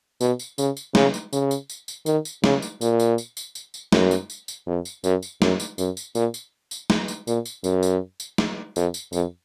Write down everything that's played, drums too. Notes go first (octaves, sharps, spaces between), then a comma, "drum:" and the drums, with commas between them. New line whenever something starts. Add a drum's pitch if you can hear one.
B2, drum: tambourine
drum: tambourine
C#3, drum: tambourine
drum: tambourine
C#3, drum: snare
drum: tambourine
C#3, drum: tambourine
drum: tambourine
drum: tambourine
drum: tambourine
D#3, drum: tambourine
drum: tambourine
C#3, drum: snare
drum: tambourine
A#2, drum: tambourine
drum: tambourine
drum: tambourine
drum: tambourine
drum: tambourine
drum: tambourine
F#2, drum: snare
drum: tambourine
drum: tambourine
drum: tambourine
F2
drum: tambourine
F#2, drum: tambourine
drum: tambourine
F#2, drum: snare
drum: tambourine
F#2, drum: tambourine
drum: tambourine
A#2, drum: tambourine
drum: tambourine
drum: tambourine
drum: snare
drum: tambourine
A#2, drum: tambourine
drum: tambourine
F#2, drum: tambourine
drum: tambourine
drum: tambourine
drum: snare
F2, drum: tambourine
drum: tambourine
F2, drum: tambourine